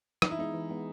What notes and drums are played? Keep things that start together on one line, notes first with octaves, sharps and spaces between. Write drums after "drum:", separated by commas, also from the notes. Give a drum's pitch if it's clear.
E3 D#4, drum: rim click
E4
G#3 B3 D#4
E3
G#3 B3